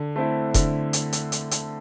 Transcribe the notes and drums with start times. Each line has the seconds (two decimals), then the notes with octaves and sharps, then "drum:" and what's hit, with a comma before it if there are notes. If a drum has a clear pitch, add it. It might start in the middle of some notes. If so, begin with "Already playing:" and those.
Already playing: D3
0.16 A3 C4 E4
0.54 D3, drum: kick F1, hi-hat
0.93 drum: hi-hat
1.13 drum: hi-hat
1.32 drum: hi-hat
1.51 drum: hi-hat